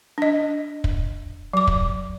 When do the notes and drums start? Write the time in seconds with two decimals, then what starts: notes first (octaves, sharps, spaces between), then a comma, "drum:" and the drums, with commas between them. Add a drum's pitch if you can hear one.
0.18 D4 D#5
0.84 drum: kick
1.53 F#3 D6
1.67 drum: kick